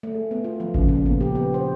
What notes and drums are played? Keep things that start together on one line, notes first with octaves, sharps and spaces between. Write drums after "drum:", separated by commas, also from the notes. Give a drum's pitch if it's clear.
A3
G#4
B3
F4
F3
C#3, drum: kick G#1
A#2
B3
G4
B3
C5